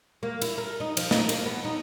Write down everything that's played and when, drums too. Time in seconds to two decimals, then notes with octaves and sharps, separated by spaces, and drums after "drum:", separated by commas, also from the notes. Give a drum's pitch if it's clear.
0.23 A#3
0.42 E4, drum: cymbal
0.58 A#4
0.80 D#4
0.97 F3, drum: cymbal
1.11 D#4, drum: snare
1.29 A#3, drum: cymbal
1.46 B3
1.65 D#4